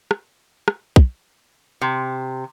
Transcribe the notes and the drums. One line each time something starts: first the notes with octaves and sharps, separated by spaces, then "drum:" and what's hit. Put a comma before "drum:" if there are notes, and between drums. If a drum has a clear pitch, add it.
drum: rim click
drum: rim click
drum: kick
C3